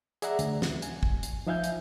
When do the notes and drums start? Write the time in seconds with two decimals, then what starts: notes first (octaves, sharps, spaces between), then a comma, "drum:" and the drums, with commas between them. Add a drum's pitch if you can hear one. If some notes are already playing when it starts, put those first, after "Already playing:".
0.22 G#4 D5 E5 F#5 A#5, drum: hi-hat
0.39 D2, drum: hi-hat
0.62 drum: snare
0.82 G#5, drum: hi-hat
1.03 drum: kick
1.23 drum: hi-hat
1.47 F3 D#4 E5 F5 G#5 G6
1.64 drum: hi-hat